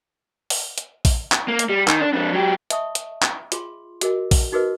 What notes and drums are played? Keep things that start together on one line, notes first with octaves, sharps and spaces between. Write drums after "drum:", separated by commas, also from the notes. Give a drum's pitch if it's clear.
drum: open hi-hat
drum: hi-hat
drum: kick A#1, open hi-hat
drum: clap
A#3
drum: hi-hat
G3
D#3, drum: clap
D4
F2 D4
F#3 G4
D#5 E5 A5 C#6 D#6, drum: hi-hat
drum: hi-hat
drum: clap
F4 G#4 C6, drum: hi-hat
F#4 G#4 A#4 D#5, drum: hi-hat
drum: kick A#1, open hi-hat
D#4 F#4 G#4 A#4 B4 D#5